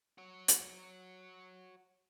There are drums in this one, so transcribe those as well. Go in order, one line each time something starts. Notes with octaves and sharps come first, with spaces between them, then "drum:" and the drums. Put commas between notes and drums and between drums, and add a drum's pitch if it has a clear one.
F#4 C#5
drum: hi-hat